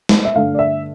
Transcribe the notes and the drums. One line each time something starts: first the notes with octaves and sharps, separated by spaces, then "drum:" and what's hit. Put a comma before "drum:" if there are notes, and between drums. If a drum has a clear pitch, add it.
drum: snare
E5
G2 D3 A3 F5
D5
E5